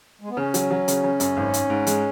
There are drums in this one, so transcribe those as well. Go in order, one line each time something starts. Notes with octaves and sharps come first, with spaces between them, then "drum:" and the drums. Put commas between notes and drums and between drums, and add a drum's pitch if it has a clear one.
G#3
B3
C#3 C#4
F#3, drum: hi-hat
F#3
C#3, drum: hi-hat
C#3
F#2, drum: hi-hat
G#1
G#1, drum: hi-hat
G#2
G#3, drum: hi-hat